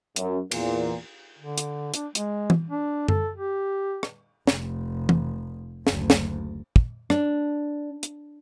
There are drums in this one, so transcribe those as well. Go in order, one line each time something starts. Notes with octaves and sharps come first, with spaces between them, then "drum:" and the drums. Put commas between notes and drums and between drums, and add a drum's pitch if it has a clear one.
F#2, drum: hi-hat
E2 A#2, drum: cymbal
D3
drum: hi-hat
D4, drum: hi-hat
G#3, drum: hi-hat
drum: tom E3
D4
A4, drum: tom F#2
G4
drum: rim click
F1, drum: snare
drum: tom E3
F#1 D2, drum: snare
drum: snare
drum: kick
D4, drum: rim click
drum: hi-hat